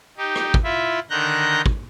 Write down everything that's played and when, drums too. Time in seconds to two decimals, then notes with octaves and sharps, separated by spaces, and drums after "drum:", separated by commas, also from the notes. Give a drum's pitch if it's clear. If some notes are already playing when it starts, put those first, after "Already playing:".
0.17 D#4 G4
0.35 drum: rim click
0.54 drum: kick
0.63 E4 F4 E5
1.10 D3 D#3 A#5 F#6 G6 A#6
1.66 drum: kick